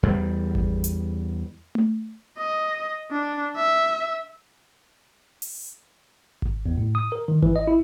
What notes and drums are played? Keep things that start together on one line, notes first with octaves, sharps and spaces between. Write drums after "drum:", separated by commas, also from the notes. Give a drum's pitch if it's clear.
E2 G3
drum: kick G#1
drum: hi-hat
drum: tom A3
D#5
D4
E5
drum: open hi-hat
drum: kick G#1
E2
A2
D#6
A#4
D#3
E3, drum: kick G#1
D#5
E4